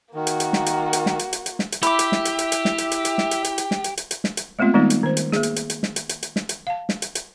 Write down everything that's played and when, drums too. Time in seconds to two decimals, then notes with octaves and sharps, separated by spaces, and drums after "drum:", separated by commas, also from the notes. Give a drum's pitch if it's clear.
0.14 D#3 A#3 F#4
0.27 drum: hi-hat
0.40 drum: hi-hat
0.53 drum: snare
0.66 drum: hi-hat
0.93 drum: hi-hat
1.06 drum: snare
1.19 drum: hi-hat
1.33 drum: hi-hat
1.46 drum: hi-hat
1.59 drum: snare
1.72 drum: hi-hat
1.83 E4 G4 E5 B5 D6, drum: hi-hat
1.99 drum: hi-hat
2.12 drum: snare
2.25 drum: hi-hat
2.39 drum: hi-hat
2.52 drum: hi-hat
2.65 drum: snare
2.78 drum: hi-hat
2.92 drum: hi-hat
3.05 drum: hi-hat
3.18 drum: snare
3.31 drum: hi-hat
3.44 drum: hi-hat
3.58 drum: hi-hat
3.71 drum: snare
3.84 drum: hi-hat
3.97 drum: hi-hat
4.11 drum: hi-hat
4.24 drum: snare
4.37 drum: hi-hat
4.59 G#3 A3 B3 C4 F4
4.74 D#3 G3 G#3 A#3 B3 D#4
4.90 drum: hi-hat
5.03 D#3 C5
5.17 drum: hi-hat
5.32 A#3 G#4, drum: snare
5.43 drum: hi-hat
5.56 drum: hi-hat
5.70 drum: hi-hat
5.83 drum: snare
5.96 drum: hi-hat
6.09 drum: hi-hat
6.23 drum: hi-hat
6.36 drum: snare
6.49 drum: hi-hat
6.67 F5 A5
6.89 drum: snare
7.02 drum: hi-hat
7.15 drum: hi-hat